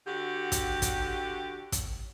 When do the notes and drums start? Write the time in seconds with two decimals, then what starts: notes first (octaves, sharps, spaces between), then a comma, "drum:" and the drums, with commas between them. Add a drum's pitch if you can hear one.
0.06 D3 F#4 G4
0.52 drum: kick, hi-hat
0.82 drum: kick, hi-hat
1.72 drum: kick, hi-hat